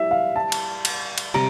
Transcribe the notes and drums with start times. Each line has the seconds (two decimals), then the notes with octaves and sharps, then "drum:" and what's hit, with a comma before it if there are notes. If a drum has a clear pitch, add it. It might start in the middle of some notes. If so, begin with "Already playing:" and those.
Already playing: G3 E4 G4 E5
0.11 F5
0.36 A5
0.52 drum: cymbal
0.85 drum: cymbal
1.18 drum: cymbal
1.34 C3 G3 A#5